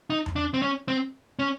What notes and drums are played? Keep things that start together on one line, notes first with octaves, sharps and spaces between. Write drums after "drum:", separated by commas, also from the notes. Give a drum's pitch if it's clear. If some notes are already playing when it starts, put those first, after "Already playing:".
D#4
drum: tom E2
D4
C4
C#4
C4
C#4